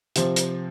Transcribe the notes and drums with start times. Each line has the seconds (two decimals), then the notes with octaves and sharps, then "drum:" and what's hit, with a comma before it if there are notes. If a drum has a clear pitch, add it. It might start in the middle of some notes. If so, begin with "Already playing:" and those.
0.16 C3 F3, drum: hi-hat
0.36 drum: hi-hat